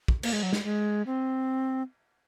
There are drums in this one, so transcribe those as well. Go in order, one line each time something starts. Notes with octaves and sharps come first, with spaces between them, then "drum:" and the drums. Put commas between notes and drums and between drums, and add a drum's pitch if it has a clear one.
drum: kick
A#3, drum: cymbal
G#3
F#3
G#3, drum: snare
G#3
C4